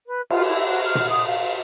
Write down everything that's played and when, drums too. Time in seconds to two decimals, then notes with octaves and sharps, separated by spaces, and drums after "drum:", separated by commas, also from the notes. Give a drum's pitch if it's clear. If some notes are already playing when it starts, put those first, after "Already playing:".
0.06 B4
0.30 F4, drum: cymbal
0.48 E4
0.68 F#4
0.84 F6
0.95 drum: tom A#2
1.08 D#6
1.26 F5